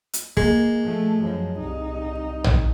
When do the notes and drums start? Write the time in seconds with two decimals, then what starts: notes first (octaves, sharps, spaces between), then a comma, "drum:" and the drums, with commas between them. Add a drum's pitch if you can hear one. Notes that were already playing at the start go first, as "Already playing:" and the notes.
0.13 drum: hi-hat
0.37 G#3 A#3, drum: kick
0.84 F3 A3
1.20 F#2 F3
1.59 C2 D#4
2.44 drum: tom A#1